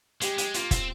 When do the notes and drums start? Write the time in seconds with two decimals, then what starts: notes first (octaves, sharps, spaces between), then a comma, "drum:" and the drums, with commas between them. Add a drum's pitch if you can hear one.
0.21 G#3 G4, drum: hi-hat
0.38 G#3, drum: hi-hat
0.54 A#3 F4, drum: hi-hat
0.71 C4, drum: kick, hi-hat